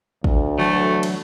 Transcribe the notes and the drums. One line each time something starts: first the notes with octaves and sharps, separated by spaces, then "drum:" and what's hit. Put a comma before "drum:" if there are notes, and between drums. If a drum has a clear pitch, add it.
D2, drum: kick
E3 F#3 A3
drum: cymbal